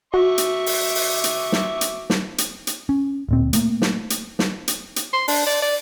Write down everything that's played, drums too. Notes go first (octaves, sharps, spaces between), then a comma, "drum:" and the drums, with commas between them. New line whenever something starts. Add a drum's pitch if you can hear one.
F#4 E5 C#6 D6
drum: hi-hat
drum: open hi-hat
drum: open hi-hat
drum: hi-hat
drum: snare
drum: hi-hat
drum: snare
drum: hi-hat
drum: hi-hat
C#4
D1 A#2 C4
A3 A#3, drum: hi-hat
drum: snare
drum: hi-hat
drum: snare
drum: hi-hat
drum: hi-hat
C6
D4, drum: open hi-hat
D5
D5